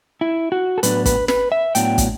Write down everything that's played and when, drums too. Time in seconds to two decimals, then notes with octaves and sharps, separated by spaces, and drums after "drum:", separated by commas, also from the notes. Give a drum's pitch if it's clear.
0.21 E4
0.52 F#4
0.78 A4
0.83 A2 F#3 B3 D4 B4, drum: hi-hat
1.06 B4, drum: kick, hi-hat
1.28 B4, drum: snare
1.52 E5
1.75 A2 F#3 B3 D4 G5, drum: hi-hat
1.98 drum: kick, hi-hat